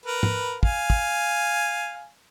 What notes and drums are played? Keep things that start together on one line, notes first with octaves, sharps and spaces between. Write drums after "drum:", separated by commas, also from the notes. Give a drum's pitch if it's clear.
A#4 B4
drum: tom G#2
F5 G#5, drum: kick
drum: kick